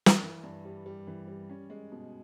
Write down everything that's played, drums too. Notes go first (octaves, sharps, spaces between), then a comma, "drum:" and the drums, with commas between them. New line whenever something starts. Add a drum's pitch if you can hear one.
drum: snare
E3
G2
G3
G3
E3
G3
C#4
G#3
B2